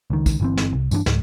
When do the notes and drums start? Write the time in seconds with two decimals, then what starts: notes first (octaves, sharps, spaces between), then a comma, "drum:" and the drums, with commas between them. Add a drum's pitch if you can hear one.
0.10 C#2 D#3
0.26 drum: kick, tambourine
0.40 G1 E3 C4
0.57 drum: snare
0.74 C2
0.91 G2 E3 G#3 D4, drum: tambourine
1.06 C#2 G#2, drum: snare